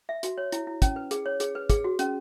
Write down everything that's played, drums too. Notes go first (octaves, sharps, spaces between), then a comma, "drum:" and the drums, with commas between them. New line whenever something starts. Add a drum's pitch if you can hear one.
E5
F#4, drum: hi-hat
C#5
E4, drum: hi-hat
E4
C#4, drum: kick, hi-hat
B4
G#4, drum: hi-hat
C#5
G#4, drum: hi-hat
B4
G#4, drum: kick, hi-hat
F#4
C#4, drum: hi-hat